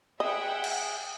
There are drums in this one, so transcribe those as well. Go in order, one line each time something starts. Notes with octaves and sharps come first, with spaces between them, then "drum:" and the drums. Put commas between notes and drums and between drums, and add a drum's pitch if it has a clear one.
G#4 D#5 E5 F#5 G5
drum: cymbal